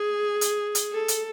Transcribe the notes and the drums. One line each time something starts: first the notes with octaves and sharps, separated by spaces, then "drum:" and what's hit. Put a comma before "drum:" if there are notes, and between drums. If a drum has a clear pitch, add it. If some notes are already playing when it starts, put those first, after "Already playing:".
Already playing: G#4
drum: hi-hat
drum: hi-hat
A4
drum: hi-hat